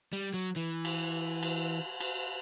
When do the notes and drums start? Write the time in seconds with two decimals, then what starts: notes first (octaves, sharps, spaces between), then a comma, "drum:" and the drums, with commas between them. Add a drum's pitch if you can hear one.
0.13 G3
0.34 F#3
0.56 E3
0.85 drum: cymbal
1.43 drum: cymbal
2.00 drum: cymbal